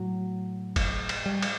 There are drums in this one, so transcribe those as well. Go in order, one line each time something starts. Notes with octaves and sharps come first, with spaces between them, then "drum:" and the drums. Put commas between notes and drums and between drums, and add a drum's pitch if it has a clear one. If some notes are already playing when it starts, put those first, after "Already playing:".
Already playing: A2 F#3
drum: kick, cymbal
drum: cymbal
G3
drum: cymbal